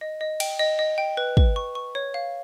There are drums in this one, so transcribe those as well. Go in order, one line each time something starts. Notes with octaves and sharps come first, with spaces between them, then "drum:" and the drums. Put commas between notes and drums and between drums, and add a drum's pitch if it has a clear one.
D#5
D#5
G5, drum: cymbal
D#5
D#5
G5
B4
B4, drum: kick
C#6
C#6
C#5
F5